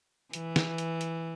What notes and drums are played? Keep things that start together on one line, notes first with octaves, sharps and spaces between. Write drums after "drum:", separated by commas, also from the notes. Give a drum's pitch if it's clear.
E3, drum: hi-hat
drum: snare
drum: hi-hat
drum: hi-hat